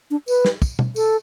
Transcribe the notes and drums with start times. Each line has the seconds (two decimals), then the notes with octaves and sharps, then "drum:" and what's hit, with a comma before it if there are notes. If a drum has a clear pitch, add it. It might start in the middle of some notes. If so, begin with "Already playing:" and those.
0.10 D4
0.28 B4, drum: tambourine
0.45 drum: snare
0.62 drum: kick, tambourine
0.79 drum: tom B2
0.96 A4, drum: tambourine